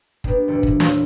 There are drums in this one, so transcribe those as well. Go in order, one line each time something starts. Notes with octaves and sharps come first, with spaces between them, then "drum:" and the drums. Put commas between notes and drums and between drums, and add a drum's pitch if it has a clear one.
A#3 B3 D4 G4, drum: kick
E1 D2 A#2 A4 D5
drum: kick
A#2 A#3 C4 D4 E4, drum: snare